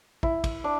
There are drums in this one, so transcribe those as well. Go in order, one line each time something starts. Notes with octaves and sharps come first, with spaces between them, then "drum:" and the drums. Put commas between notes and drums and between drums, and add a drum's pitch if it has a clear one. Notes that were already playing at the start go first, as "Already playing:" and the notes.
E4, drum: kick
drum: kick, cymbal
D4